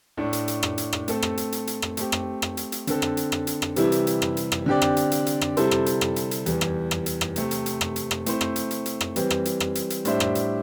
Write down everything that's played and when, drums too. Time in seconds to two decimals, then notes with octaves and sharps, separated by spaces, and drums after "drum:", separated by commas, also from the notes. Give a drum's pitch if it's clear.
0.17 A2 A3 D4
0.33 drum: hi-hat
0.48 drum: hi-hat
0.63 drum: rim click
0.78 drum: hi-hat
0.93 drum: rim click
1.08 A3 C4 A4, drum: hi-hat
1.22 drum: rim click
1.37 drum: hi-hat
1.52 drum: hi-hat
1.67 drum: hi-hat
1.82 drum: rim click
1.97 A3 C4 G4, drum: hi-hat
2.12 drum: rim click
2.42 drum: rim click
2.57 drum: hi-hat
2.72 drum: hi-hat
2.87 D3 C4 A4, drum: hi-hat
3.02 drum: rim click
3.17 drum: hi-hat
3.32 drum: rim click
3.47 drum: hi-hat
3.62 drum: rim click
3.76 C3 E3 G3 E4, drum: hi-hat
3.92 drum: hi-hat
4.07 drum: hi-hat
4.22 drum: rim click
4.37 drum: hi-hat
4.52 drum: rim click
4.66 D3 C4 G4 D5
4.82 drum: rim click
4.97 drum: hi-hat
5.12 drum: hi-hat
5.26 drum: hi-hat
5.41 drum: rim click
5.57 C3 G3 E4 A4 C5, drum: hi-hat
5.71 drum: rim click
5.86 drum: hi-hat
6.01 drum: rim click
6.16 drum: hi-hat
6.31 drum: hi-hat
6.46 E2 E3 G3, drum: hi-hat
6.61 drum: rim click
6.91 drum: rim click
7.06 drum: hi-hat
7.21 drum: rim click
7.36 C3 A3 C4, drum: hi-hat
7.51 drum: hi-hat
7.66 drum: hi-hat
7.81 drum: rim click
7.96 drum: hi-hat
8.11 drum: rim click
8.26 A3 C4 E4 C5, drum: hi-hat
8.41 drum: rim click
8.56 drum: hi-hat
8.71 drum: hi-hat
8.86 drum: hi-hat
9.01 drum: rim click
9.16 E3 G3 C4, drum: hi-hat
9.30 drum: rim click
9.45 drum: hi-hat
9.60 drum: rim click
9.75 drum: hi-hat
9.90 drum: hi-hat
10.05 A2 G3 D4 C5 E5, drum: hi-hat
10.20 drum: rim click
10.35 drum: hi-hat